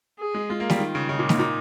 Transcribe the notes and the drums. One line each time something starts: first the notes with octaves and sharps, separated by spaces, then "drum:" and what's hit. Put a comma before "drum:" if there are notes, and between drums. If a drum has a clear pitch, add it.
G#4
G#3
G#3 F4
A#3
G3, drum: snare
D#3
C#3
C#3 D#4
A#2
G#2, drum: snare
A#2